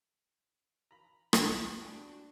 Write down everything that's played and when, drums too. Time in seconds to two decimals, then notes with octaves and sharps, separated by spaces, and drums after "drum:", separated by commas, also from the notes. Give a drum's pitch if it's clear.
0.91 A#5 B5
1.33 F#4 C5 C#5 D#5 B5, drum: rim click
1.82 D4 G5 G#5 B5